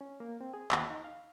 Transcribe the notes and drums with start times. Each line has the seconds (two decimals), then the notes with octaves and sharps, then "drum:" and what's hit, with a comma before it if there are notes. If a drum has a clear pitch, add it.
0.01 C#4
0.20 A#3
0.41 C4
0.54 G#4
0.72 D#2, drum: clap
0.90 D#4
1.04 F5